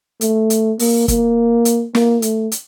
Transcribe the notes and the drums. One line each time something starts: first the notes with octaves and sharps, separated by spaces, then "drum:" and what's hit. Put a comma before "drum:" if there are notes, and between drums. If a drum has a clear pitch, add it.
A3, drum: hi-hat
drum: hi-hat
A#3, drum: open hi-hat
A#3, drum: kick, hi-hat
drum: hi-hat
A#3, drum: snare
A3, drum: hi-hat
drum: hi-hat